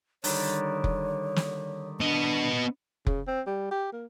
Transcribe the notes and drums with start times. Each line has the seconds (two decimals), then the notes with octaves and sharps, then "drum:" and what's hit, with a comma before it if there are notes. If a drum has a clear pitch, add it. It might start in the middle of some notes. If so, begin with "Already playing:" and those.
0.24 D3 D#3 G3 C#5, drum: open hi-hat
0.84 drum: kick F1
1.36 drum: snare
2.00 B3 D4 D#5
3.06 C#3, drum: kick F1
3.27 C4
3.47 G3
3.71 G4
3.93 A#3